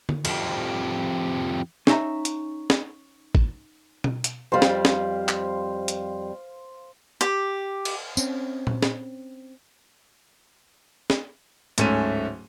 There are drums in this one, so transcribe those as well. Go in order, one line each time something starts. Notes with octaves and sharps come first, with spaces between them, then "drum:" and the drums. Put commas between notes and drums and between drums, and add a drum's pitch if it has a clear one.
drum: tom D3
F2 G3, drum: cymbal
C#4 D#4 E4 E5 A#5, drum: snare
drum: hi-hat
drum: snare
drum: kick
drum: tom B2
drum: hi-hat
F2 G3 C5 F5
drum: snare
drum: snare
drum: clap
drum: hi-hat
G4, drum: hi-hat
drum: cymbal
C4 C#4, drum: tambourine
drum: tom A#2
drum: snare
drum: snare
D1 G#2 A3 C#4 E5 D#7, drum: hi-hat